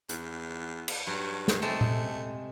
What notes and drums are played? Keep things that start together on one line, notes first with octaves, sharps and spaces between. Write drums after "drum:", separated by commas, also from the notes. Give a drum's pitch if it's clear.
E2, drum: hi-hat
drum: cymbal
G2 F#3
drum: snare
C3 G#3 A3 A4
drum: tom A#2